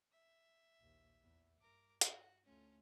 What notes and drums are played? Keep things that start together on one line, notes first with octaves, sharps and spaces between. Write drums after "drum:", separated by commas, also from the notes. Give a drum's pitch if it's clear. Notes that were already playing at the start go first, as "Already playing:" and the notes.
E5
A#1 D#2
E2
G2 A#4 D6
drum: hi-hat
F#4
D2 A3 C#4 F4